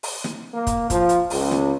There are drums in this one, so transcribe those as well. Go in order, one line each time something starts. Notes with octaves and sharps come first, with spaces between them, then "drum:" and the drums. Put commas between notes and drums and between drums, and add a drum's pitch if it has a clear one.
drum: open hi-hat
drum: snare
A#3
drum: kick, hi-hat
F3, drum: kick, hi-hat
drum: hi-hat
C#2, drum: open hi-hat
drum: snare